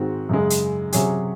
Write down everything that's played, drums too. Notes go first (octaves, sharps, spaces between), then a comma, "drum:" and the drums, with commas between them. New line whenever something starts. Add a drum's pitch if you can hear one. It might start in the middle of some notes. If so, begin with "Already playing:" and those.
Already playing: G#2 D#3 G#3 C4 F#4
F#2 C#3 G#3
drum: hi-hat
C3 F#3 C#4 G#4, drum: hi-hat